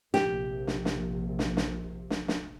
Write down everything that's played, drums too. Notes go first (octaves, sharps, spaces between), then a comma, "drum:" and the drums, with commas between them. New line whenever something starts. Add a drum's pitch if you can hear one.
A#1 C3 G4, drum: snare
drum: snare
drum: snare
drum: snare
drum: snare
drum: snare
drum: snare